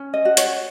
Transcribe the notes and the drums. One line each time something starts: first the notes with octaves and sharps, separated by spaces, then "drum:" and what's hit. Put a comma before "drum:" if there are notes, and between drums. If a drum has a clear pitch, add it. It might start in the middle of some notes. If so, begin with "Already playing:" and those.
Already playing: C#4
D#5
F#4
C#5, drum: hi-hat